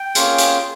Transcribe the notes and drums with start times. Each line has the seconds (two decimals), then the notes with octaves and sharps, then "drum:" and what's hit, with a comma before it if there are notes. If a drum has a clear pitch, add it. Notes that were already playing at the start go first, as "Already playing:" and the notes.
Already playing: G5
0.15 A#3 C#4 F4 G#4, drum: hi-hat
0.38 drum: hi-hat